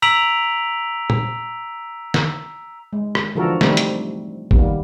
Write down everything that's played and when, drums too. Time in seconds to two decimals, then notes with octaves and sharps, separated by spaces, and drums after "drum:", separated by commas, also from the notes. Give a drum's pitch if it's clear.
0.02 A#5 E6 B6 D7 F7 F#7
1.10 drum: tom
2.14 drum: snare
2.93 G#3
3.15 drum: rim click
3.35 D3 E3 F3 F#4 A4 A#4
3.61 G3 A3 C4 D#4 E4, drum: snare
3.77 drum: hi-hat
4.51 D#3 G3 A#3 B3, drum: kick